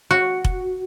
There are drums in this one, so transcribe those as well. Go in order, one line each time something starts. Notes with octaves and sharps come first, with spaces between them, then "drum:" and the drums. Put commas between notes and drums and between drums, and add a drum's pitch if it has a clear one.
F#4
drum: kick F1